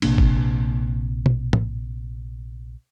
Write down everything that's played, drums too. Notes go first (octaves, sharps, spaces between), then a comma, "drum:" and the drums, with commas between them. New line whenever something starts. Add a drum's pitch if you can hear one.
A#1 C3 A#3 D4, drum: cymbal
drum: kick G1
drum: tom B2
drum: tom